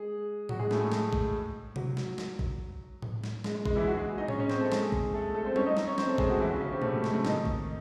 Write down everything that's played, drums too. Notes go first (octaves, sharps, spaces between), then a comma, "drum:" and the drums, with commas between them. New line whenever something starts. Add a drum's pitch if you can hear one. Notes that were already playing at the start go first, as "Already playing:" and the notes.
Already playing: G#3 G#4
F#3 F#4, drum: tom A2
G#3 G#4
A2 A3, drum: snare
G#3
G#3, drum: snare
drum: kick
F#3, drum: tom C3
drum: snare
drum: snare
drum: kick
drum: tom A2
drum: snare
G#3, drum: snare
G#3
G#3, drum: kick
E3 E4
F#3 F#4
G#3 G#4
D#4 D#5
C#4 C#5, drum: tom A2
C#4 C#5
C4 C5, drum: snare
A3 A4
G#3 G#4, drum: snare
drum: kick
A3 A4
A3 A4
C4 C5
C#4 C#5, drum: tom G3
D#4 D#5
D#4 D#5, drum: snare
C#4 C#5
C4 C5, drum: snare
A3 A4
G#3 G#4, drum: kick
F#3 F#4
E3 E4
C#3 C#4
C#3 C#4
C3 C4
A2 A3, drum: tom A#2
F#3
G#3, drum: snare
A2 A3
D#3 D#4, drum: snare
drum: kick